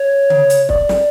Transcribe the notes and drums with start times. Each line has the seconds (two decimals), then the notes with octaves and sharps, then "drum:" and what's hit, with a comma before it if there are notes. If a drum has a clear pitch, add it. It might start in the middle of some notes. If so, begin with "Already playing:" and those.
Already playing: C#5
0.30 drum: tom C#3
0.50 drum: hi-hat
0.69 D5, drum: kick
0.89 drum: snare